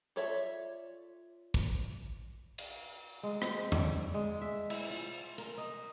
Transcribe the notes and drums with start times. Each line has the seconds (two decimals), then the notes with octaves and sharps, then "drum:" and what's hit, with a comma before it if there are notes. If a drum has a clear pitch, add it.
0.16 F4 A4 C#5 D5 E5
1.54 drum: kick
2.58 drum: cymbal
3.23 G#3
3.42 C4, drum: rim click
3.72 D5, drum: tom E2
4.14 G#3
4.41 E5
4.70 E4, drum: cymbal
4.90 F4
5.38 A#4, drum: hi-hat
5.58 D#5